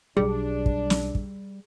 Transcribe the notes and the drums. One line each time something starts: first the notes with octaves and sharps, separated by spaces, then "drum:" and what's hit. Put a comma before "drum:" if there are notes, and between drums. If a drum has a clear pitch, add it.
B1 G3 D4 G#4
drum: kick
drum: snare
drum: kick